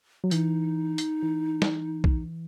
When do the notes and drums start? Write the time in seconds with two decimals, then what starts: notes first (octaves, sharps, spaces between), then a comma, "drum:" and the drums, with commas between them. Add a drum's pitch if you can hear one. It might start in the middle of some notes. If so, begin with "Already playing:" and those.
0.24 F#3
0.31 E3 D#4, drum: hi-hat
0.98 drum: hi-hat
1.23 E3
1.62 drum: snare
2.04 drum: kick